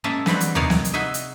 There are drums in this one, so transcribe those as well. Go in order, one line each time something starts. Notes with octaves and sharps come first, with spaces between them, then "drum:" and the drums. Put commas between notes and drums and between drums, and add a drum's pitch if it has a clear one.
G#3 A#3 C#4 E5 A5
D3 E3 G3 C4 F#4, drum: snare
drum: hi-hat
C3 D#4 A#4 C#5 D5 F5, drum: tom D2
drum: snare
drum: hi-hat
D#4 F#4 G#4 D#5 E5
drum: hi-hat